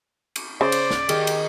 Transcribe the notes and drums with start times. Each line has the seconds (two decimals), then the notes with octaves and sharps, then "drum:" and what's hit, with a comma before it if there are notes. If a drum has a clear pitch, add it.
0.36 drum: cymbal
0.61 C#3 C5 D5
0.72 drum: cymbal
0.91 drum: snare
1.09 D#3 G4 G#4, drum: cymbal
1.27 drum: cymbal